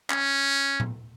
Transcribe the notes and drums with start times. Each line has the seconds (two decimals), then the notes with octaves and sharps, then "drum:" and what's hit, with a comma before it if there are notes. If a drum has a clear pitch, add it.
0.10 C#4, drum: clap
0.80 drum: tom A#2